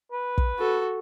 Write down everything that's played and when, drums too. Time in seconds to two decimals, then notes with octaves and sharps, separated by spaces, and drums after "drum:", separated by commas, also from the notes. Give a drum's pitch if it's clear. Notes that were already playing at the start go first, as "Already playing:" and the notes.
0.12 B4
0.38 drum: kick
0.58 F#4 A4